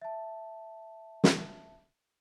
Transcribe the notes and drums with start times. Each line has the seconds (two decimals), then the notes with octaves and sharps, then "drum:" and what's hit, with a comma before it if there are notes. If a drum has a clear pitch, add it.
0.02 E5 A5
1.24 drum: snare